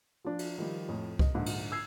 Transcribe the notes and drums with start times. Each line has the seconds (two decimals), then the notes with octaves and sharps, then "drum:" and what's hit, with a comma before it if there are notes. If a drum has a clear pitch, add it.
0.25 F3 D4
0.39 drum: cymbal
0.58 D#3 F3 G3
0.88 F2 A2
1.19 D#5, drum: kick C2
1.35 A#1 G#2 D3
1.46 drum: cymbal
1.72 E6 G#6 C7